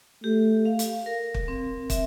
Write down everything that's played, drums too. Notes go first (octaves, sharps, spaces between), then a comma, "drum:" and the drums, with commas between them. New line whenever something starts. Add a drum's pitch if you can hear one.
A3 G4
F5
drum: hi-hat
A#4
drum: kick
C4
E5, drum: kick, hi-hat